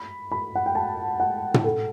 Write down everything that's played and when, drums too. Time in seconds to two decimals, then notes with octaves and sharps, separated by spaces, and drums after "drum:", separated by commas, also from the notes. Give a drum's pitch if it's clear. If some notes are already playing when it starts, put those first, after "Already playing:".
Already playing: B5
0.32 B5
0.55 F#5
0.66 G5
0.75 A5
1.20 F#5
1.54 drum: tom
1.64 A4